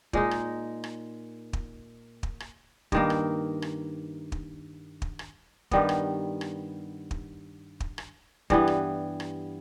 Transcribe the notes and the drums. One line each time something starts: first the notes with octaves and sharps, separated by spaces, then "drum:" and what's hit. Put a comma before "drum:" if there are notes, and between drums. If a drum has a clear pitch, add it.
A#2 G#3 D#4, drum: kick
drum: rim click
drum: rim click
drum: kick
drum: kick
drum: rim click
G2 D#3 A#3, drum: kick
drum: rim click
drum: rim click
drum: kick
drum: kick
drum: rim click
G2 D#3 G3 B3, drum: kick
drum: rim click
drum: rim click
drum: kick
drum: kick
drum: rim click
G2 E3 G3 B3, drum: kick
drum: rim click
drum: rim click